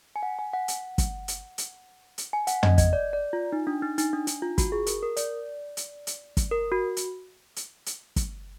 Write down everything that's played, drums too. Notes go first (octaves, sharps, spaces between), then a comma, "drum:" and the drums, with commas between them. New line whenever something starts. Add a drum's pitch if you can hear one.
G#5
F#5
G#5
F#5
drum: hi-hat
drum: kick, hi-hat
drum: hi-hat
drum: hi-hat
drum: hi-hat
G#5
F#5, drum: hi-hat
D#5, drum: tom
D#5, drum: kick, hi-hat
D5
D5
F4
D#4
D4
D#4
D#4, drum: hi-hat
D4
D#4, drum: hi-hat
F4
F#4, drum: kick, hi-hat
G#4
A#4, drum: hi-hat
A#4
D5, drum: hi-hat
drum: hi-hat
drum: hi-hat
drum: kick, hi-hat
A#4
F#4
drum: hi-hat
drum: hi-hat
drum: hi-hat
drum: kick, hi-hat